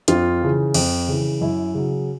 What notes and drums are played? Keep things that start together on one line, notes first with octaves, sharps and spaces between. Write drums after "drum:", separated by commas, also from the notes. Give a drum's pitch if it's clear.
F2 F4, drum: hi-hat
C#3 E3
F2, drum: cymbal
C#3 E3
F#2 E4
C#3 F#3